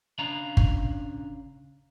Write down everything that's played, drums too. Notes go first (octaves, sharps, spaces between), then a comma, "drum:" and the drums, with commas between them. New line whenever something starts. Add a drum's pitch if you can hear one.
C#3 D4 F5 A#5 B5
drum: kick G1